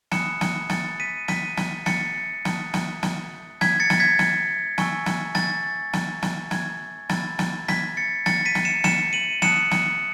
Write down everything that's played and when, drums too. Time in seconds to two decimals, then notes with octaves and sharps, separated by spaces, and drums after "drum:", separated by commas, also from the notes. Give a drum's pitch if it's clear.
0.11 G#5 B5 D#6 F#6 C#7 E7, drum: snare
0.41 drum: snare
0.69 A6 C#7, drum: snare
1.00 B6 D#7
1.28 B6 D#7, drum: snare
1.57 drum: snare
1.86 A6 C#7, drum: snare
2.45 A5 D#6 F#6, drum: snare
2.74 drum: snare
3.03 drum: snare
3.61 G#6 B6, drum: snare
3.80 A6 C#7
3.90 drum: snare
4.00 G#6 B6
4.19 drum: snare
4.78 G#5 C#6 E6, drum: snare
5.06 drum: snare
5.35 A6, drum: snare
5.93 drum: snare
6.22 drum: snare
6.51 G#6, drum: snare
7.09 B5 E6 A6, drum: snare
7.39 drum: snare
7.68 G#6 B6, drum: snare
7.97 A6 C#7
8.26 A6 C#7, drum: snare
8.45 B6 D#7
8.55 drum: snare
8.65 C#7 E7
8.84 C#7 E7, drum: snare
9.13 D#7 F#7
9.42 A5 D#6 F#6 C#7 E7, drum: snare
9.71 drum: snare